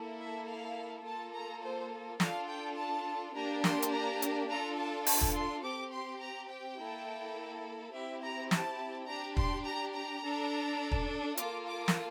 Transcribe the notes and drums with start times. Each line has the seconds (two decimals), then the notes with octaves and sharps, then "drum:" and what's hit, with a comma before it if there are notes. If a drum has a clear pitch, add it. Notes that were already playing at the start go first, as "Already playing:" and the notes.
Already playing: A#3 E4 A4
0.19 E5
0.48 F5
1.05 A#3 F4 A4 A5
1.34 A#5
1.63 C5
2.20 D4 F4 A4 F5, drum: snare
2.48 G5
2.77 A5
3.35 A#3 D4 G4 A#5
3.64 C6, drum: snare
3.82 drum: hi-hat
3.92 A#5
4.22 drum: hi-hat
4.49 D4 F4 A4 A#5
4.78 A5
5.06 A5, drum: open hi-hat
5.21 drum: kick
5.35 C6
5.64 C4 G4 D6
5.93 C6
6.21 A#5
6.50 G5
6.78 A#3 E4 A4
7.93 C4 E4 G4 E5
8.22 A#5
8.51 A5, drum: snare
9.08 D4 G4 A#5
9.37 C6, drum: kick
9.65 A#5
9.94 A#5
10.23 D4 A4
10.91 drum: kick
11.37 A#3 F4 A4 D6, drum: hi-hat
11.66 D6
11.88 drum: snare